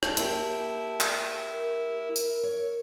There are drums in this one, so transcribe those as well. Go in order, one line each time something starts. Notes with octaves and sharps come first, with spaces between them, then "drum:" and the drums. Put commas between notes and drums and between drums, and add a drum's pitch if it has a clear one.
A5, drum: rim click
A#3 E4 G4, drum: hi-hat
drum: clap
A#4
drum: tambourine
C#5